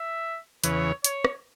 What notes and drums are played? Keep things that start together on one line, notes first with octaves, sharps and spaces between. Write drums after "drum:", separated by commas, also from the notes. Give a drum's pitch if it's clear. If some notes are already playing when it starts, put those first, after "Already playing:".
Already playing: E5
E2 C#3 E3 B3 C#5, drum: hi-hat
C#5, drum: hi-hat
drum: rim click